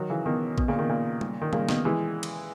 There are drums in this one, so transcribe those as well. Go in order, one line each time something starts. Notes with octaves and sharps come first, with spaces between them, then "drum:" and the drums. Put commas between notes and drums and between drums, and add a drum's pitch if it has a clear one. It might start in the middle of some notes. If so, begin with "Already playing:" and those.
Already playing: D#3 F#3
C#3 E3
B2 D#3
B2, drum: kick A1
A#2 C#3
B2 D#3
A#2 C#3
drum: tom G3
D#3
A#2 C#3, drum: tom G3
B2 D#3, drum: snare
E3 G#3
drum: cymbal